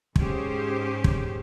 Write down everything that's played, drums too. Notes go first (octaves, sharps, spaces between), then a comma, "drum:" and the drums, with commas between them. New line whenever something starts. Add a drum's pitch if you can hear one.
G#2 C#4 G4 G#4 C5, drum: kick
drum: kick